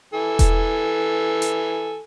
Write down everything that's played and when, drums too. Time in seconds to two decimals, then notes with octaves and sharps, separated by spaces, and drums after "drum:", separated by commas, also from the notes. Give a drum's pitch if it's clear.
0.13 E3 A4 G#5
0.39 drum: kick E1, hi-hat
1.42 drum: hi-hat